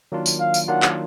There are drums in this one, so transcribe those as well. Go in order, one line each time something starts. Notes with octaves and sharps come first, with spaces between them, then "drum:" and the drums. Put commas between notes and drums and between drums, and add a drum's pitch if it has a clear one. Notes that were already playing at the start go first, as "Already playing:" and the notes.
D#3 F#3 A#3 D4 F4
drum: tambourine
F5
drum: tambourine
D#3 F#3 A#3 D4 F4 F#5
drum: clap